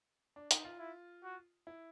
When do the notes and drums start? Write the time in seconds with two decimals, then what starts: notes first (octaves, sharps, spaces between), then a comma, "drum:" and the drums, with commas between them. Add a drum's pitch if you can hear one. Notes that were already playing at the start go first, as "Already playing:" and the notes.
0.36 D4
0.51 D#4, drum: hi-hat
0.65 F4
0.79 E4
1.23 F#4
1.67 E4